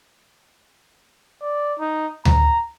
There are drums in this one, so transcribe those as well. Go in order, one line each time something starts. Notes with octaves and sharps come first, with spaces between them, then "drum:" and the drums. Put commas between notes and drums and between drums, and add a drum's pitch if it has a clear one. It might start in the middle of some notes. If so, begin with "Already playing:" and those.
D5
D#4
A#5, drum: tom D2